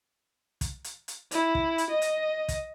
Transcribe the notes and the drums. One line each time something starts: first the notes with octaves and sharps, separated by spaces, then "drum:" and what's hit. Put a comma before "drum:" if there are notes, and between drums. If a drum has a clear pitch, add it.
drum: kick, hi-hat
drum: hi-hat
drum: hi-hat
E4, drum: hi-hat
drum: kick
drum: hi-hat
D#5
drum: hi-hat
drum: kick, hi-hat